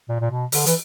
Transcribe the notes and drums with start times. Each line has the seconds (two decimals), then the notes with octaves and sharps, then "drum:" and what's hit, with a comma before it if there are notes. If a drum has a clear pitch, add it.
0.09 A#2
0.20 A#2
0.30 B2
0.52 D3, drum: open hi-hat
0.66 E3, drum: hi-hat